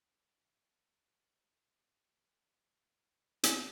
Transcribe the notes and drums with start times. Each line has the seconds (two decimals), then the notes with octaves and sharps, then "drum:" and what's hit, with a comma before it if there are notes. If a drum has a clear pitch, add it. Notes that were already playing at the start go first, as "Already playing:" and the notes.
0.13 A#3
0.36 G2
0.54 C3
0.86 A#4
1.15 B2
1.50 E4
2.28 D2
2.82 F2 B3
3.43 drum: hi-hat